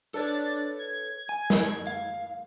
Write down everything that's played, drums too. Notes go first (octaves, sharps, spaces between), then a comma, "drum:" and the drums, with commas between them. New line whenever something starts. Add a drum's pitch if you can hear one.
D4 A4 B4 C#5 A6
G#6
G#5
drum: snare
F5